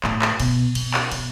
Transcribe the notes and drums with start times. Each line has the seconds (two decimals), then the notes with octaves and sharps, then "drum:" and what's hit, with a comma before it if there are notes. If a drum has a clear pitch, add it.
0.04 A2, drum: clap
0.22 drum: clap
0.40 B2, drum: cymbal
0.75 B2, drum: cymbal
0.94 drum: clap
1.12 B2, drum: cymbal